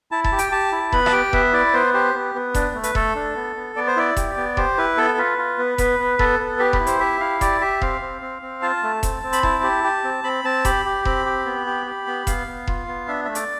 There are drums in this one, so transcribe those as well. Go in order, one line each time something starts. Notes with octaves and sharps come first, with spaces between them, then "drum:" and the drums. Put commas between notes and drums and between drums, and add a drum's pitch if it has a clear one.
E4 A5
A5, drum: kick E1
G4
G5, drum: hi-hat
G4 A5
E4
B3 B5, drum: kick E1
A5, drum: rim click
G4 G5
B3 E5, drum: kick E1
E4 D5
B3 C5
G4 C5
B3
B3
D4, drum: kick E1, hi-hat
A3
B4, drum: hi-hat
A3 A4, drum: kick E1
D4
B3
B3
B3 D5
C5
E4 D5
G4, drum: kick E1, hi-hat
B3
G4 C5, drum: kick E1
E4 B4
B3 A4
F4 B4
F4
B3
B3, drum: kick E1, hi-hat
B3
B3 A4, drum: kick E1
B3
G4 B4
B4, drum: kick E1
E4
C5, drum: hi-hat
G4 E5
E4 F5
G4 D5, drum: kick E1, hi-hat
G4 E5
C4 F5, drum: kick E1
C4
C4
C4
F4 A5
A3
C4, drum: kick E1, hi-hat
C4
B5, drum: hi-hat
E4 A5, drum: kick E1
G4
G4
C4
C4 B5
C4 A5
G4 B5, drum: kick E1, hi-hat
G4
C4 B5, drum: kick E1
G4
B3
G4
G4
B3
B3 F5, drum: kick E1, hi-hat
B3
F4, drum: kick E1
B3
D4 E5
A3 E5
D5, drum: hi-hat